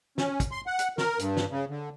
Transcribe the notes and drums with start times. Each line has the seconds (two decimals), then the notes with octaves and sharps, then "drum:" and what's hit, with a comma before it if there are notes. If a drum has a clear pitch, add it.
0.18 C#4, drum: snare
0.40 drum: kick, hi-hat
0.52 C6
0.67 F#5
0.79 drum: hi-hat
0.98 A#4, drum: snare
1.19 G2, drum: hi-hat
1.37 drum: snare
1.50 C#3
1.69 D3